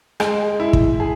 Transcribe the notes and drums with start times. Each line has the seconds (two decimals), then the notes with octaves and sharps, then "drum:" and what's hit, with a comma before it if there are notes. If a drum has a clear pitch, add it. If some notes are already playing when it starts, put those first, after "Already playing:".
0.20 G#3, drum: rim click
0.60 E4
0.73 drum: kick
1.00 G#4